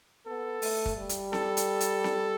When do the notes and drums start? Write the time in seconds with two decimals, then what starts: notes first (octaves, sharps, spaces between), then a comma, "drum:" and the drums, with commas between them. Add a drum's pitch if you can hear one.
0.26 B3 A4
0.62 A3, drum: open hi-hat
0.86 drum: kick
0.97 G3
1.09 drum: hi-hat
1.33 A4, drum: snare C4
1.57 drum: hi-hat
1.80 drum: hi-hat
2.04 drum: snare C4